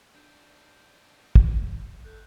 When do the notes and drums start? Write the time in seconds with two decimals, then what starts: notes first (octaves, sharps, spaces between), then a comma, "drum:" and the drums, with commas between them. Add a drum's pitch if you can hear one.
0.15 G#2 C4 D4 G6
1.35 drum: kick
2.04 A4 F#6 G6